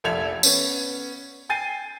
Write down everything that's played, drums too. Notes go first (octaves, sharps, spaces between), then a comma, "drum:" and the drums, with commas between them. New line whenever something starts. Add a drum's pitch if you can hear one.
F1 A#1 A4 E5 G#6 F7
B3 C#4, drum: tambourine
G5 G#5 A6 C7 D#7